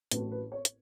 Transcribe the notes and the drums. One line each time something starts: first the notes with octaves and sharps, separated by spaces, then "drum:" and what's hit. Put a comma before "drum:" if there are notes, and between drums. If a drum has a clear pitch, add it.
A1 A2 F#3 A3 B4, drum: hi-hat
B4
C#5
drum: hi-hat